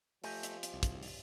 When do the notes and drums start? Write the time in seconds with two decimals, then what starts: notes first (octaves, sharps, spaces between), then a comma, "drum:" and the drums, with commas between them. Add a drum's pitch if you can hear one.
0.24 F3 A3 G4 D#5 G#5, drum: open hi-hat
0.43 drum: hi-hat
0.63 drum: hi-hat
0.73 C2
0.83 drum: kick, hi-hat
1.03 drum: open hi-hat